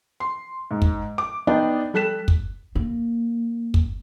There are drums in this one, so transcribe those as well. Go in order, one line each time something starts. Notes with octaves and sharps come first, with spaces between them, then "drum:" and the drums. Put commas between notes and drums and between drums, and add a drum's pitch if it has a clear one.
C6
G#2
drum: kick
D6
B3 D4 D#4 D5 D#5 G5
G3 A4 F#6 B6 E7
drum: kick
A#3
drum: kick